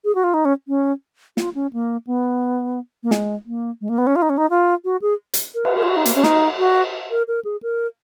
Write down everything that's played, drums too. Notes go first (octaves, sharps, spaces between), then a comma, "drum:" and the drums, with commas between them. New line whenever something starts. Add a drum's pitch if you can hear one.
G#4
F#4
F4
D#4
C#4
C#4
F4, drum: snare
C#4
A#3
B3
A#3
G#3, drum: snare
A#3
G#3
A#3
B3
C#4
F4
D#4
C#4
D#4
F4
F#4
G#4
drum: hi-hat
A#4
B4, drum: cymbal
A#4
F4
F#4
D#4
A#3, drum: hi-hat
C#4
D#4, drum: snare
F#4
A#4
A#4
G#4
A#4